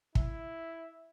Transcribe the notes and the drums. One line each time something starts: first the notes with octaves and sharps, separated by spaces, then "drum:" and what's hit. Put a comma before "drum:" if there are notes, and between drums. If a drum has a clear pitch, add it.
E4, drum: kick